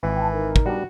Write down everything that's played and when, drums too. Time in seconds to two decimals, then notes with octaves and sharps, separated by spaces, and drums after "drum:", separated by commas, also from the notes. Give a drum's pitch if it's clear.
0.03 G#1 E3
0.17 G5 A5
0.31 D#4 A#4
0.56 drum: kick
0.66 G3 B3 D4 F#4